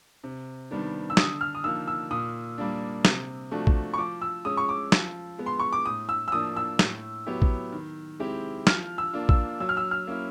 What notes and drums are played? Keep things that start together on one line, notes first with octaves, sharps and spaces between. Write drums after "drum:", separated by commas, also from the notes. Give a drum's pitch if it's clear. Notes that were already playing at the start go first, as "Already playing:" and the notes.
C3
D#3 G3 B3 D4
E6
D3 D#6, drum: snare
F6
D#6
F3 A#3 D#4 E6
E6
A#2 D#6
G3 A#3 D4
C3, drum: snare
F3 A3 D4 F#4
drum: kick
C#6
F3 D6
E6
G#3 C#4 D#6
C#6
D6
F3, drum: snare
G#3 B3
C6
C#6
D6
A2 D#6
E6
E6
F3 A#3 D4 D#6
E6
A2, drum: snare
F#3 B3 E4 G4
drum: kick
D#3
G#3 C4 E4 G4
F3 F6, drum: snare
E6
A#3 D4 F4
E6, drum: kick
F#3 E6
F6
E6
F6
A#3 C#4 E4